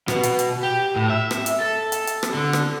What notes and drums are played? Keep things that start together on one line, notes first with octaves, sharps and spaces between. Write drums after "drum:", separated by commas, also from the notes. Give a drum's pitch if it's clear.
B2, drum: rim click
drum: hi-hat
drum: hi-hat
G4
A2
E5
drum: rim click
drum: hi-hat
A4
drum: hi-hat
drum: hi-hat
drum: rim click
D3
drum: rim click